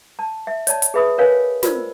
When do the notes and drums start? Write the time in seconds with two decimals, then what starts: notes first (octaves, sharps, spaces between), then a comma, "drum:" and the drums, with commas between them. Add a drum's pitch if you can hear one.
0.19 A5
0.47 E5
0.67 C#5 D5 A5, drum: hi-hat
0.82 drum: hi-hat
0.94 G#4 B4 E5 B5 D#6
1.18 A#4 B4 C#5 F5 G#5
1.63 F4 A#4 C5 D5 E6, drum: snare